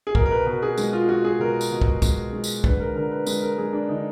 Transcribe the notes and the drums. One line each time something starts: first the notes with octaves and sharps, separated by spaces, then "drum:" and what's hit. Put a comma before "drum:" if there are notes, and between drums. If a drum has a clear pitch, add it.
G#4
B2 A#4, drum: kick
A#4
B4
B2 A#4
G#4
G#3, drum: tambourine
F4
G#3 F#4
G#4
B2 A#4
drum: tambourine
B2
drum: kick
G#3, drum: kick, tambourine
G#3
drum: tambourine
D3 B4, drum: kick
A#4
D3 A#4
B4
G#3 B4, drum: tambourine
A#4
G#3 G#4
D4
D3 D#4